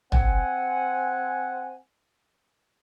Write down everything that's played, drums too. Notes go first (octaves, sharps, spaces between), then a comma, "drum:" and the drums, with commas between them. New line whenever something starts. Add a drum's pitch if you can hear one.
C4 F#5 G#5, drum: tom